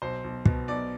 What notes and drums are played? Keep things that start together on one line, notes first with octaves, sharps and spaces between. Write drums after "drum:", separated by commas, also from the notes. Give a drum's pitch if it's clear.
B1 C5
B1
B2, drum: kick
B1 D5